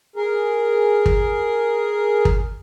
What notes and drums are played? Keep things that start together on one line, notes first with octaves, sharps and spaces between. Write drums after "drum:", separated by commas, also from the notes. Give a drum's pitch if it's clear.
G#4 A#4
drum: kick
drum: kick